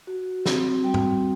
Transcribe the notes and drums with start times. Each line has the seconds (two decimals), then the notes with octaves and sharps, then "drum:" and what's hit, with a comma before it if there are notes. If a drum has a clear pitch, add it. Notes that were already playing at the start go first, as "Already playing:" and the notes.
0.07 F#4
0.46 C4, drum: snare
0.84 G3 G5
0.94 drum: tom